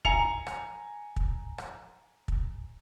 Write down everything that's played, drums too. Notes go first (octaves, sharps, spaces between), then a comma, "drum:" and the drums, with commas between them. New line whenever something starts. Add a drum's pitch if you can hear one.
G#5 A#5 C#7 F7, drum: kick
drum: rim click
drum: kick
drum: rim click
drum: kick